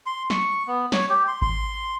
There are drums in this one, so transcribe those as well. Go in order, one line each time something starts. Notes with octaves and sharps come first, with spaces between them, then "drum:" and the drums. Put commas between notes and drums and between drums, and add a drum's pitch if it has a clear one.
C6
C#6, drum: snare
B3
C#5, drum: snare
G4
C6
C6, drum: kick G#1